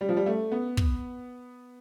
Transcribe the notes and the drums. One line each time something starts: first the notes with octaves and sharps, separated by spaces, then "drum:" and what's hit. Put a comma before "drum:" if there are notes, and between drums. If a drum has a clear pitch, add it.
G3
F3
G3
A3
B3
drum: kick